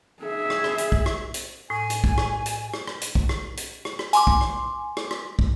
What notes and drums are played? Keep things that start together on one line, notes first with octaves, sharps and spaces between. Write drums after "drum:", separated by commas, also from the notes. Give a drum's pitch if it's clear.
G#4 E5
drum: rim click
drum: rim click
drum: hi-hat
drum: kick
drum: rim click
drum: hi-hat
A2 G#5
drum: hi-hat
drum: kick
drum: rim click
drum: hi-hat
drum: rim click
drum: rim click
drum: hi-hat
drum: kick
drum: rim click
drum: hi-hat
drum: rim click
drum: rim click
G#5 C6 D6, drum: hi-hat
drum: kick
drum: rim click
drum: rim click
drum: rim click
drum: kick